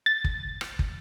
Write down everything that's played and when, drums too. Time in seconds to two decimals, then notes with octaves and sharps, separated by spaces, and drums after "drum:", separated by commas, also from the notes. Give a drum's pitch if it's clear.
0.06 A6
0.24 drum: kick
0.61 drum: rim click
0.79 drum: kick